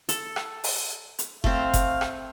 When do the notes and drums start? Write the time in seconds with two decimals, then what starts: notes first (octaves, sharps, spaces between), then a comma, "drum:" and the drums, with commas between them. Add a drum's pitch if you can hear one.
0.09 A4, drum: hi-hat
0.36 drum: rim click
0.64 drum: open hi-hat
1.19 drum: hi-hat
1.44 A3 C4 F5, drum: kick F#1
1.74 drum: kick F#1, hi-hat
2.01 drum: rim click